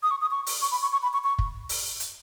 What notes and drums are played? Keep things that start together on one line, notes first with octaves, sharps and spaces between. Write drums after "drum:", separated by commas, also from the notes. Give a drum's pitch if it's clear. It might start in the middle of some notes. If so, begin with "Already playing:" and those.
D#6
C#6
D#6
C#6
drum: open hi-hat
C#6
B5
C#6
C#6
B5
C#6
C#6
drum: kick
drum: open hi-hat
drum: hi-hat